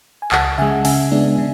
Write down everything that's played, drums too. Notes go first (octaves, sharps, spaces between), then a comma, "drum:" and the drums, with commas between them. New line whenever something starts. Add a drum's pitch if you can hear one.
G#5
C#2 F#5 A5, drum: clap
C#3 G#3 E5 G#5
C#3 E5 G#5, drum: open hi-hat
G#3 B3 D4
C#3